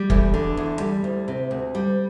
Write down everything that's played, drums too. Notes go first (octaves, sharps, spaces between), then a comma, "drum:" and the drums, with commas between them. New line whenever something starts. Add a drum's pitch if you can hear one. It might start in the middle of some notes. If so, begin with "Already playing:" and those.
Already playing: G3
E2 A3, drum: kick
D3
E2
G3
D2
C3
D2
G3